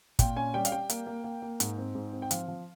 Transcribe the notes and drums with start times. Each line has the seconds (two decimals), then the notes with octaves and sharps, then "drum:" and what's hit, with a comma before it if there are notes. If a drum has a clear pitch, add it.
0.19 A#2 G5, drum: kick, hi-hat
0.36 C#4 G#5
0.54 G3 G5
0.65 F5, drum: hi-hat
0.72 G3 G5
0.90 A#3, drum: hi-hat
1.07 A#3
1.24 A#3
1.42 A#3
1.60 G#2, drum: hi-hat
1.78 C4
1.95 G#2
2.13 C4
2.22 G5
2.31 F3 F5, drum: hi-hat
2.48 F3